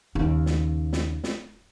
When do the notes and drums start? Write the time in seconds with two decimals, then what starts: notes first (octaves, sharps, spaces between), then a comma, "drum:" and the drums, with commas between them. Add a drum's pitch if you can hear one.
0.15 D#2 C#3
0.46 drum: snare
0.93 drum: snare
1.24 drum: snare